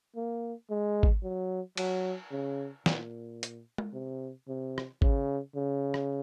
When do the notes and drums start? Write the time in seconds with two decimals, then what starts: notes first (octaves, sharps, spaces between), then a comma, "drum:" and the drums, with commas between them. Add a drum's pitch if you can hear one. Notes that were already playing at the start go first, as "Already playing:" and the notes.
0.16 A#3
0.70 G#3
1.03 drum: kick G#1
1.23 F#3
1.77 F#3, drum: cymbal
2.31 C#3
2.86 A#2, drum: snare
3.43 drum: hi-hat
3.78 drum: tom
3.93 C3
4.48 C3
4.78 drum: rim click
5.02 C#3, drum: kick G#1
5.56 C#3
5.94 drum: rim click